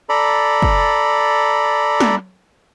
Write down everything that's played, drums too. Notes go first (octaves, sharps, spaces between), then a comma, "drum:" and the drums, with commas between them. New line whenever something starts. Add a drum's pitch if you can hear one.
A4 D5 A#5 B5
drum: kick
drum: snare